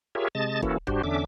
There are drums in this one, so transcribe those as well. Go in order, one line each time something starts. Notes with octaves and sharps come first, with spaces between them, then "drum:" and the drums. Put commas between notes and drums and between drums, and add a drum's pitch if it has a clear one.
F4 G4 G#4 A#4 C#5 E5
C3 G#3 D#5 A5 A6
E3 A#3 C#4 E4 F#4 A4, drum: kick
G2 D4 F#4 G4 C5, drum: kick
E2 D3 C#4 D4 E5 D6